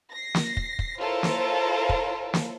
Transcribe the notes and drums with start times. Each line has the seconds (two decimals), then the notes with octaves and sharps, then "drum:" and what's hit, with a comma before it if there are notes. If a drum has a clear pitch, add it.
0.12 A#6 C7
0.35 drum: snare
0.57 drum: kick
0.79 drum: kick
1.00 E4 F4 A4 A#4 C5 C#5
1.23 drum: snare
1.89 drum: kick
2.34 drum: snare